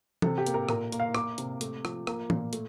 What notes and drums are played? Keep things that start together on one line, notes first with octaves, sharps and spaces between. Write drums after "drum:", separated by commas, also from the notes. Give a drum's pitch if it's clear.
C3 A4, drum: tom
G4
A#3, drum: hi-hat
A#4
A#2 A#4, drum: rim click
A#3, drum: hi-hat
F5
A#3 D6, drum: rim click
C3, drum: hi-hat
A3, drum: hi-hat
F3, drum: rim click
A#3, drum: rim click
A#2, drum: tom
A3, drum: hi-hat